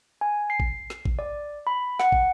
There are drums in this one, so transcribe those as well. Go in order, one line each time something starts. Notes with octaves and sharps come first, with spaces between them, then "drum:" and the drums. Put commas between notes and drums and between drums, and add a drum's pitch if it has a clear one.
G#5
C7
drum: kick
drum: snare
drum: kick
D5
B5
F#5, drum: snare
drum: kick